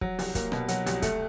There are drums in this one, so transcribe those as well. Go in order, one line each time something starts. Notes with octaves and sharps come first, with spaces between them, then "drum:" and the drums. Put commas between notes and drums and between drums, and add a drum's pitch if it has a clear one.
F#3, drum: kick
C2, drum: open hi-hat
A#3, drum: kick, hi-hat
B2, drum: rim click
F#3, drum: hi-hat
C2, drum: hi-hat
A3, drum: kick, hi-hat